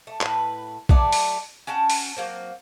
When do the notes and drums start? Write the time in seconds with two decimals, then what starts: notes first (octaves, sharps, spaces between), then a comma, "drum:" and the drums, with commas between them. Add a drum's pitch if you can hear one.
0.07 A3
0.21 A2 B4, drum: clap
0.89 F#3 A3 D5, drum: kick A#1
1.12 drum: open hi-hat
1.67 C#4 F#4 G5 A5
1.90 drum: open hi-hat
2.17 F#3 A#3 C4